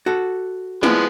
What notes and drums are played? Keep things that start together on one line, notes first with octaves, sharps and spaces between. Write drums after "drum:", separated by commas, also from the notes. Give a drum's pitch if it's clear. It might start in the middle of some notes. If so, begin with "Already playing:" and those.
F#4 A4
F3 G#3 B3 E4 D5, drum: snare